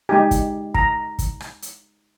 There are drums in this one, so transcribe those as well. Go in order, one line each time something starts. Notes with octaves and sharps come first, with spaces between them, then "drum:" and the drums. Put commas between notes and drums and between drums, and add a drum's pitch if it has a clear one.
G#3 D#4 G4 G#5
drum: kick, hi-hat
A#5, drum: kick
drum: kick, hi-hat
drum: rim click
drum: hi-hat